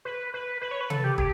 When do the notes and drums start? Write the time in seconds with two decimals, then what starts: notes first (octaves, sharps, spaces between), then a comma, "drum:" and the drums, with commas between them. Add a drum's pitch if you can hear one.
0.05 B4
0.34 B4
0.61 B4
0.71 C#5
0.81 B4
0.90 A4, drum: tom C3
1.04 G4
1.18 G4, drum: kick